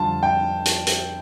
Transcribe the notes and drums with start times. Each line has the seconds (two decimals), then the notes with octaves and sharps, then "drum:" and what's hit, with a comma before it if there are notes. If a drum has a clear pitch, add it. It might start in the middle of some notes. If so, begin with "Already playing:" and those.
Already playing: F2 D3 G3 F4 A5
0.23 G5
0.66 drum: hi-hat
0.87 drum: hi-hat